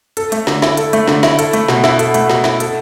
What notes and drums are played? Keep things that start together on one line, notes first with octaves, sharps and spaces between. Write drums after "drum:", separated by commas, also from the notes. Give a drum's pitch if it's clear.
A4, drum: hi-hat
A3, drum: hi-hat
D3, drum: snare
E4, drum: snare
A4, drum: hi-hat
A3, drum: hi-hat
D3, drum: snare
E4, drum: snare
A4, drum: hi-hat
A3, drum: hi-hat
B2, drum: snare
E4, drum: snare
A4, drum: hi-hat
A3, drum: hi-hat
B2, drum: snare
E4, drum: snare
A4, drum: hi-hat